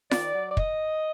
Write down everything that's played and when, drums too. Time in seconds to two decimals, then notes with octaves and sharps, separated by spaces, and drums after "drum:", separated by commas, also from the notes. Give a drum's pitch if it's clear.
0.11 D#3 D5, drum: snare F4
0.35 F#3
0.49 D5
0.57 D#5, drum: kick